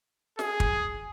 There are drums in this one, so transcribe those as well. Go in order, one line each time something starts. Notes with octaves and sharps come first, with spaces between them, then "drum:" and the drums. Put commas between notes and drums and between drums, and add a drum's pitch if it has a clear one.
G#4, drum: snare
drum: kick